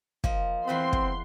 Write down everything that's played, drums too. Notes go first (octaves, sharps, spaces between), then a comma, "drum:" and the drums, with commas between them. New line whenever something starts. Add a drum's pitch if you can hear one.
F3 A#3 D#5, drum: kick
E2 C4 B4 B5 C6
drum: kick